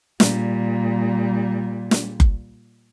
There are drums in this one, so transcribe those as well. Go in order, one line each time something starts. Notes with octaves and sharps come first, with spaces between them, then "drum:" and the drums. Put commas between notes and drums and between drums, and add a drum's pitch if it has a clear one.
A#2 G3, drum: snare
drum: snare
drum: kick F#1